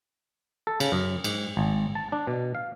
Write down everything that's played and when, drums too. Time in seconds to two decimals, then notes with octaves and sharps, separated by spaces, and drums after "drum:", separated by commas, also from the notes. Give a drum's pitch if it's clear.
0.67 A4
0.80 C#3, drum: cymbal
0.92 F#2
1.24 G#2, drum: cymbal
1.57 G#1
1.95 A5
2.12 D4
2.27 B2
2.55 F5